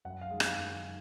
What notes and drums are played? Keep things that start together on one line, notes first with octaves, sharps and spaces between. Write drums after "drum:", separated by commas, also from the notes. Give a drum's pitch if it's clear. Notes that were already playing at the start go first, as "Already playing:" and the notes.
F#2 F#5
F5
D#3 G#3
F5, drum: rim click
F#2
D#3